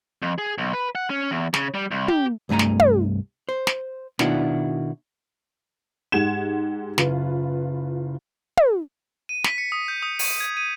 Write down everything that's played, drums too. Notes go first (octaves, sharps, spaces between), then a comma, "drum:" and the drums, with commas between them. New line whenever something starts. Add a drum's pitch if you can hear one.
F2
G#4
B1
B4
F#5
C#4
E2
C#3, drum: snare
G3
C2
G4, drum: tom
C2 G2 A3 G#5 A#5
drum: snare
drum: tom
C5
drum: snare
B2 D#3 D4 E4 F#4, drum: snare
G#2 G#3 G4 F#5 G#6 E7
F#1 F4 B4, drum: snare
drum: tom
D#7
B6, drum: snare
C#7
D#6
G6
D#6
D#7, drum: open hi-hat
G#6
D#7